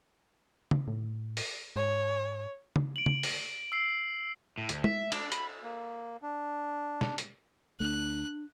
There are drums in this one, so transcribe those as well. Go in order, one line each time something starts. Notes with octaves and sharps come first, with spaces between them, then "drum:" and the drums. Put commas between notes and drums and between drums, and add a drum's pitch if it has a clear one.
drum: tom C#3
A2
drum: open hi-hat
G#2 C#5
drum: tom C#3
D7 F#7
drum: tom C#3
drum: open hi-hat
E6 C7
A2
D2, drum: hi-hat
E5, drum: tom G#3
D4, drum: cymbal
B5, drum: hi-hat
A#3
D4
drum: snare
drum: hi-hat
D2 A3 D4 F#6